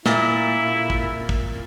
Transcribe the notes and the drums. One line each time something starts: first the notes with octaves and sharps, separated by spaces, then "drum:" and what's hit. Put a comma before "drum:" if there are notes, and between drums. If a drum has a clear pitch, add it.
A#2 E4, drum: snare
drum: kick
drum: kick